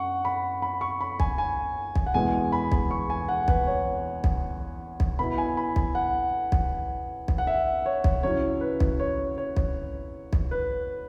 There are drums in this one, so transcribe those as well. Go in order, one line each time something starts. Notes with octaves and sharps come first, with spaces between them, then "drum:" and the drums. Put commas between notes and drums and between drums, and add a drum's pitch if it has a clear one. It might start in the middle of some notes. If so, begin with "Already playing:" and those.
Already playing: F#2 F#5 C#6
B5
B5
C#6
B5
G#5, drum: kick B1
G#5
drum: kick B1
F#5
E2 B2 G#3 B3 E4 G#5
B5
drum: kick B1
C#6
G#5
F#5
B4, drum: kick B1
C#5
drum: kick B1
drum: kick B1
B2 B3 E4 B5
G#5
B5
drum: kick B1
F#5
drum: kick B1
drum: kick B1
F#5
E5
C#5
drum: kick B1
C#3 F#3 C#4 E4 C#5
B4
drum: kick B1
C#5
C#5
drum: kick B1
drum: kick B1
B4